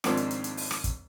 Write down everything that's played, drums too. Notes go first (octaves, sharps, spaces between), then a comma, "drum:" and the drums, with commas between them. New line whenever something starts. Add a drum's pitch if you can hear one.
D#2 G#2 D#3 F3 C4 D4, drum: rim click
drum: hi-hat
drum: hi-hat
drum: hi-hat
drum: open hi-hat
drum: rim click
drum: kick, hi-hat